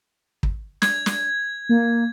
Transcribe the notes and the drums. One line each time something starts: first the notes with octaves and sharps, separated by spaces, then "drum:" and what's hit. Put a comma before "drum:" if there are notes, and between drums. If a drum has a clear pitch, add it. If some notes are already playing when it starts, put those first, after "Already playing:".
drum: kick
G#6, drum: snare
drum: snare
A#3